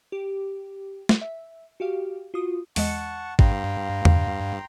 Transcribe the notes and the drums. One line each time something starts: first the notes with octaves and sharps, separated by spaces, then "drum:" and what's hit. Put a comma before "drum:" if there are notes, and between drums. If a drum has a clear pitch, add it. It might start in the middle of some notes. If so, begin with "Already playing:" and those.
G4
drum: snare
E5
F#4 G4 F5
F4 F#4 D#6
E2 G#3 D#5 F#5 A5 C#6, drum: open hi-hat
G2 F5 G5 A#5 C6, drum: kick G#1
drum: tom E2